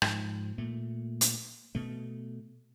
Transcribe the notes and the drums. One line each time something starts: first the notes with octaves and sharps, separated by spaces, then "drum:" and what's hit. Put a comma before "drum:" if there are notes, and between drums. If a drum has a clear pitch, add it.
G#2 F3, drum: rim click
A#2 A3
drum: hi-hat
B2 A3